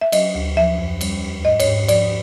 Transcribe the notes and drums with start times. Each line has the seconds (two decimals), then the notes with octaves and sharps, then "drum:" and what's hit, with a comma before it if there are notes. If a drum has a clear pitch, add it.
0.01 E5
0.12 F#3 D#5, drum: cymbal
0.35 D2
0.57 F3 E5
0.78 F2
1.01 G3, drum: cymbal
1.23 D#2
1.44 G#2 D#5
1.60 C#5, drum: cymbal
1.66 G#2
1.88 F3 D5, drum: cymbal